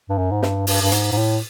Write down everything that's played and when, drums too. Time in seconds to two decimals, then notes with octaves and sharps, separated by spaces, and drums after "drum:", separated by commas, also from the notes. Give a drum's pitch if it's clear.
0.09 G2
0.18 F#2
0.31 G#2
0.42 G2, drum: snare
0.67 G2, drum: open hi-hat
0.82 G2
0.92 G#2, drum: hi-hat
1.12 G#2
1.17 A2